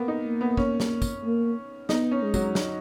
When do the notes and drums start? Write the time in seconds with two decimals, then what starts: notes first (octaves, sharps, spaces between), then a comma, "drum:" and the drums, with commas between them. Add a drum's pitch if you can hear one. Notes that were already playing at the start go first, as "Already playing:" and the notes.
Already playing: A#3 B3
0.08 D#4
0.25 A#3
0.41 B3
0.57 C#4, drum: kick
0.80 drum: snare
1.02 drum: kick, tambourine
1.24 A#3
1.89 B3 D#4, drum: snare
2.11 C#4
2.22 G#3
2.34 F#3, drum: kick, tambourine
2.55 drum: snare